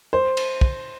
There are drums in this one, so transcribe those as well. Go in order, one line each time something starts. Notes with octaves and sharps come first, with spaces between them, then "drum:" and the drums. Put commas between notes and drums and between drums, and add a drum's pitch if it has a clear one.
C5
drum: cymbal
drum: kick